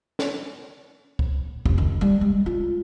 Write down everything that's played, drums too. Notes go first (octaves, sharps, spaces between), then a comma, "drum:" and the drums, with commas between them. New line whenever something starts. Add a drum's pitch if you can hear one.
drum: snare
drum: kick C#2
F1, drum: kick C#2
D#3
G3
G#3
F4